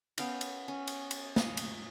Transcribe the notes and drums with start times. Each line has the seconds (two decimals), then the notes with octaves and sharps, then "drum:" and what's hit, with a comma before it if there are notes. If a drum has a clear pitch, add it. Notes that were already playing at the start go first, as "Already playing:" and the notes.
0.18 B3 C#4 F5 G5, drum: cymbal
0.41 drum: cymbal
0.68 C#4
0.87 drum: cymbal
1.11 drum: cymbal
1.36 C#5 D#5 F5, drum: snare
1.57 drum: cymbal